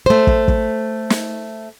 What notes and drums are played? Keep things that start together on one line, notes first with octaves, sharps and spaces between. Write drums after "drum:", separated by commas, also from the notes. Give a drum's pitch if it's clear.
A3 C5
drum: kick
drum: kick
drum: snare